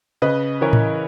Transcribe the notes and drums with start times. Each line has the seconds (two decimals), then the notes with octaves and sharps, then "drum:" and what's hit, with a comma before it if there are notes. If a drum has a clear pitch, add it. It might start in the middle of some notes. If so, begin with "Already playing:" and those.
0.22 C#3 B4 D#5
0.61 E3 A#4 C#5
0.73 drum: tom A2